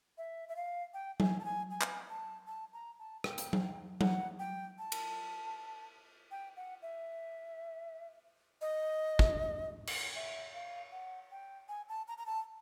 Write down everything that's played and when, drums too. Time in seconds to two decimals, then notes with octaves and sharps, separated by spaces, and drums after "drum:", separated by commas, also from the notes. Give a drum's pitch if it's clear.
0.18 E5
0.49 E5
0.56 F5
0.94 G5
1.20 G#5, drum: tom F#3
1.40 A5
1.45 G#5
1.71 G#5
1.81 drum: clap
2.10 A5
2.47 A5
2.73 A#5
2.99 A5
3.24 G5, drum: rim click
3.38 drum: hi-hat
3.53 drum: tom F#3
4.01 F#5, drum: tom F#3
4.39 G5
4.79 A5
4.92 drum: cymbal
6.31 G5
6.57 F#5
6.82 E5
8.61 D#5
9.19 drum: kick
9.87 drum: cymbal
10.15 E5
10.54 F5
10.92 F#5
11.31 G5
11.69 G#5
11.89 A5
12.08 A#5
12.18 A#5
12.26 A5